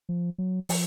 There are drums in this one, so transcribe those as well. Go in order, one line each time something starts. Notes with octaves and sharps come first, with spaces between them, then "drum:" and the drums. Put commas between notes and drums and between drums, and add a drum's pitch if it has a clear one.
F3
F#3
F3, drum: open hi-hat